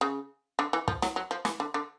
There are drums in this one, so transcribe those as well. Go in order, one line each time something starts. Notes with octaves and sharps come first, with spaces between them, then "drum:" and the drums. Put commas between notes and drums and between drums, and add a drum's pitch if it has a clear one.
C#3
D3
E3
F3, drum: kick
F#3, drum: snare
F#3
F3
E3, drum: snare
D3
D3